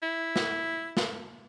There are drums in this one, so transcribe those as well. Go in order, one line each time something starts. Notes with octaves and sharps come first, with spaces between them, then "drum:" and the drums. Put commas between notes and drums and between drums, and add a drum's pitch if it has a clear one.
E4
drum: snare
drum: snare